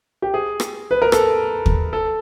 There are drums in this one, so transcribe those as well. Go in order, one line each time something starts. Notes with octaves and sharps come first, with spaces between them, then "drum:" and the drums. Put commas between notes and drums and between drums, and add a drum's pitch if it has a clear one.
G4
G#4
drum: rim click
B4
A#4
A4, drum: rim click
drum: kick
A4